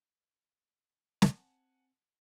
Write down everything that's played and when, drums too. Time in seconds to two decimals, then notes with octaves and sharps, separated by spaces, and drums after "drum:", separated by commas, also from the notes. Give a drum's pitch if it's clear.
1.22 C4 F#5 G#5 A5, drum: snare